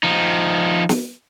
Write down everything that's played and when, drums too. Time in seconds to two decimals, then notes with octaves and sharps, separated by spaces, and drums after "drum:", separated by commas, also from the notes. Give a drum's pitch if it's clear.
0.03 F3 D#4
0.89 drum: snare